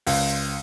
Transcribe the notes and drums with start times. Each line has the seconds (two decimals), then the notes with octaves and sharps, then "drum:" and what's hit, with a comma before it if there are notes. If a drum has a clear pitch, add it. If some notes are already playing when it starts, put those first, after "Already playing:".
0.07 C#2, drum: open hi-hat